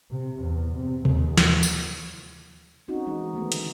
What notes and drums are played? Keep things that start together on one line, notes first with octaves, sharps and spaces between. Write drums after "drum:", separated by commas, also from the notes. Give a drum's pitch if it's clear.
C3
E2
C3
D#2, drum: tom B2
drum: snare
drum: tambourine
C4 C#4 D#4 F#4
E3 G#3 D#4
D#3 G#3 A3 B3
D3, drum: hi-hat